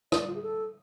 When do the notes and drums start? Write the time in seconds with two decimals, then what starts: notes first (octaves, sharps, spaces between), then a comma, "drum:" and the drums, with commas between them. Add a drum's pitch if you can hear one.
0.12 D5, drum: rim click
0.28 F4
0.35 G#4
0.43 A4